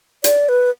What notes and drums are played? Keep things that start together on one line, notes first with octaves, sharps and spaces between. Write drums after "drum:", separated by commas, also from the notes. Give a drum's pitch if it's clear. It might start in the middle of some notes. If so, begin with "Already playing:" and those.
D5, drum: hi-hat
B4